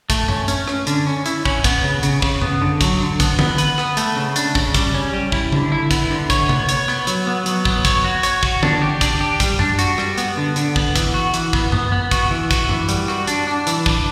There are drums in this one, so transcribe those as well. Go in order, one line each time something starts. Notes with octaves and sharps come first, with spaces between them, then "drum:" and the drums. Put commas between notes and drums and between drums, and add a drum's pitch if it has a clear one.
A3, drum: kick, hi-hat
C#4, drum: tom F#2
C#4, drum: hi-hat
C#4, drum: rim click
D3, drum: hi-hat
C#4
E4, drum: hi-hat
C#4, drum: kick
B3, drum: kick, hi-hat
C#3
C#3, drum: hi-hat
C#3, drum: kick
B3, drum: tom F#2
D3
F#3, drum: kick, hi-hat
D3
B3, drum: kick, hi-hat
B3, drum: tom D3
B4, drum: hi-hat
B3, drum: rim click
A3, drum: hi-hat
C#3
D4, drum: hi-hat
C#3, drum: kick
G3, drum: kick, hi-hat
C#4
G3
E4, drum: kick
D3, drum: tom C#3
E4
B3, drum: kick, hi-hat
D3
C#5, drum: kick, hi-hat
B3, drum: tom C3
C#5, drum: hi-hat
B3, drum: rim click
F#3, drum: hi-hat
B3
F#3, drum: hi-hat
B3, drum: kick
C#5, drum: kick, hi-hat
F#4
C#5, drum: hi-hat
F#4, drum: kick
D4, drum: tom D3
G4
D4, drum: kick, hi-hat
G4
G3, drum: kick, hi-hat
D4, drum: tom F#2
F#4, drum: hi-hat
G3, drum: rim click
B3, drum: hi-hat
D3
D3, drum: hi-hat
B3, drum: kick
E3, drum: kick, hi-hat
F#4
E3, drum: hi-hat
B3, drum: kick
B3, drum: tom F#2
B3
F#4, drum: kick, hi-hat
E3
F#4, drum: kick, hi-hat
E3, drum: tom F#2
G3, drum: hi-hat
F#4, drum: rim click
D4, drum: hi-hat
D4
E3, drum: hi-hat
D4, drum: kick